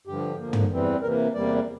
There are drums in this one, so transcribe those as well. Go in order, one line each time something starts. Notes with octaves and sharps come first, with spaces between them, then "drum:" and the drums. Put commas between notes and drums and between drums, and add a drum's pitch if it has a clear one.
G2 D3 F3 G4
E2 D3 F3 A#3
drum: tom
E2 E3 G3 C4
C3 E3 A#3 A#4
E2 C3 G3 A#3 D5